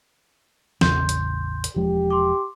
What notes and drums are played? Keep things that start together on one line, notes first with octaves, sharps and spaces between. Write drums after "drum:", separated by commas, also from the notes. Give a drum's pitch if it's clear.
A1 E2 C#3 C6 G6, drum: snare
drum: hi-hat
drum: hi-hat
E1 F3 G#3 G4
C6 D6